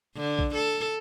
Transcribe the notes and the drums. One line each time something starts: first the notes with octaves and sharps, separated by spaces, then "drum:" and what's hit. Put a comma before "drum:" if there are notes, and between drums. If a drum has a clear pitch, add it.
D3
drum: kick A#1
A4